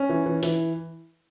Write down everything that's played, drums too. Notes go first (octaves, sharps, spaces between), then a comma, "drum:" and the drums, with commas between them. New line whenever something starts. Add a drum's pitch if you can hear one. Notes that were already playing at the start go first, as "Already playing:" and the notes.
Already playing: C#4
E3
E3
E3, drum: open hi-hat